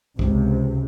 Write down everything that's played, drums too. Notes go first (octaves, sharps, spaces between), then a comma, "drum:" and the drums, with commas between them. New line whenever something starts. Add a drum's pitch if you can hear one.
C#2 C3, drum: kick